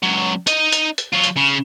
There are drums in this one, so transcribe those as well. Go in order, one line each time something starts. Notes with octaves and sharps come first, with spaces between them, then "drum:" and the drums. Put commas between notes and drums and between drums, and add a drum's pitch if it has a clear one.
C#2 F#3
D#4 D#5, drum: hi-hat
drum: hi-hat
drum: hi-hat
F#3 F4
drum: hi-hat
C#3